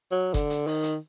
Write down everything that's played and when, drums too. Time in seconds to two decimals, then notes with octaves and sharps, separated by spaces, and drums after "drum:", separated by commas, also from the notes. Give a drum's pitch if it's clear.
0.12 F#3
0.34 D3, drum: kick F#1, hi-hat
0.50 drum: hi-hat
0.67 D#3, drum: open hi-hat
0.83 drum: hi-hat